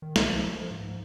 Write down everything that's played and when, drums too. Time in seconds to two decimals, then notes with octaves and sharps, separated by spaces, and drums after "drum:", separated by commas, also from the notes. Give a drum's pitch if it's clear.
0.02 D#3
0.16 C2, drum: snare
0.29 F3
0.54 F3
0.71 G#2